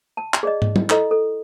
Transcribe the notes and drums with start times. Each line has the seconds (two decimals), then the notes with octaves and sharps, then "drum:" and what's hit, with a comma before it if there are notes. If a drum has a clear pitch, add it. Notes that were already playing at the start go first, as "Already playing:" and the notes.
0.17 A5
0.34 drum: clap
0.43 G#4 D5 D#5
0.62 drum: tom
0.76 drum: tom
0.90 E4 A4 D#5, drum: clap
1.11 A4